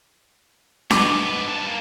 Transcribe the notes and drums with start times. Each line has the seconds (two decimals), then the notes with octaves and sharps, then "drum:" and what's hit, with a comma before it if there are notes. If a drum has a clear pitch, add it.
0.90 G#2 B3 D6, drum: snare D4
1.48 G3 A5
1.67 A#3